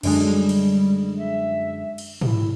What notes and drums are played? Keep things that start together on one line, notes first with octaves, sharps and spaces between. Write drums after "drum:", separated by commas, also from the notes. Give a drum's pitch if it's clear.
F#2 D3 G#3 D4, drum: cymbal
G3
drum: cymbal
E5
drum: cymbal
E4, drum: tom